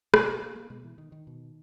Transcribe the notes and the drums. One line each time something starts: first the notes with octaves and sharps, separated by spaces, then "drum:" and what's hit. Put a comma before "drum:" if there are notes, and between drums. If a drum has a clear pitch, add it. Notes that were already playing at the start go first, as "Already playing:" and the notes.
B2 A#3, drum: rim click
A#3
A#3
A#3
B2 G#3
E3
D#3
D#3
B2